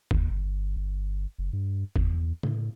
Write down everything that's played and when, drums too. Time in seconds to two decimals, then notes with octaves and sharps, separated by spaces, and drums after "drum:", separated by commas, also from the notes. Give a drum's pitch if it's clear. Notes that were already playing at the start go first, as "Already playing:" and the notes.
0.11 D#2, drum: kick
0.30 G1
0.76 G1
1.39 F#1
1.53 G2
1.96 E2, drum: kick
2.43 A2, drum: tom C#3